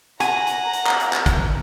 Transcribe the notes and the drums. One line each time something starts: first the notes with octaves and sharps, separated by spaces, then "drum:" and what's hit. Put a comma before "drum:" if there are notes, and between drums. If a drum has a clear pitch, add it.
F#5 G#5 A#5, drum: hi-hat
drum: hi-hat
drum: hi-hat
drum: clap
drum: hi-hat
drum: clap
drum: kick, hi-hat